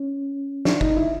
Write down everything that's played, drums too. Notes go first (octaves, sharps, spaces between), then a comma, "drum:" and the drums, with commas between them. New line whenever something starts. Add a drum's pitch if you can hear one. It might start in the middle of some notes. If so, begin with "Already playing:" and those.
Already playing: C#4
D4, drum: snare
D#4, drum: kick
E4